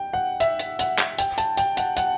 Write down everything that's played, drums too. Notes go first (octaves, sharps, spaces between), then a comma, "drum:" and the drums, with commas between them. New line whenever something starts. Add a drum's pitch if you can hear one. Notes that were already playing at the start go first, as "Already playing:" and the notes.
Already playing: G5
F#5
E5, drum: hi-hat
drum: hi-hat
F#5, drum: hi-hat
drum: clap
G5, drum: hi-hat
A5, drum: hi-hat
G5, drum: hi-hat
F#5, drum: hi-hat
F#5, drum: hi-hat